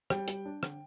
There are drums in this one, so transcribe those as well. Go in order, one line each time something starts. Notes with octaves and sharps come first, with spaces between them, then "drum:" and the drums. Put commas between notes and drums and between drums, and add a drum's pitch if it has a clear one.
G3 G5, drum: rim click
G3, drum: hi-hat
D4
D3, drum: rim click